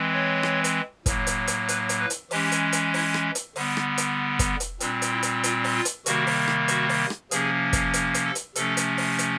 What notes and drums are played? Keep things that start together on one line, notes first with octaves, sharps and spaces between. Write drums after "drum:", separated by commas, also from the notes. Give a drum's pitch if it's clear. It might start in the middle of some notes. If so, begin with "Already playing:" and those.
Already playing: E3 G#3 C4
C#5
drum: rim click
drum: hi-hat
A2 F#3 A#3, drum: kick, hi-hat
drum: hi-hat
drum: hi-hat
B4, drum: hi-hat
drum: hi-hat
B4
drum: hi-hat
E3 G#3 C#4 G4, drum: open hi-hat
drum: hi-hat
drum: hi-hat
E4, drum: open hi-hat
drum: rim click
drum: hi-hat
D3 G3 B3, drum: open hi-hat
drum: rim click
drum: hi-hat
drum: kick, hi-hat
drum: hi-hat
A#2 G3 C4 D4, drum: hi-hat
drum: hi-hat
E4
drum: hi-hat
F4, drum: hi-hat
drum: open hi-hat
F4
drum: hi-hat
C3 D#3 G3 A#3 F#4, drum: hi-hat
drum: open hi-hat
drum: rim click
F#4, drum: hi-hat
drum: open hi-hat
drum: rim click
C3 F3 A#3 C#4 G#4, drum: hi-hat
drum: kick, hi-hat
drum: hi-hat
drum: hi-hat
A4
drum: hi-hat
C3 F3 A3 C#4 A4, drum: hi-hat
drum: hi-hat
drum: open hi-hat
drum: hi-hat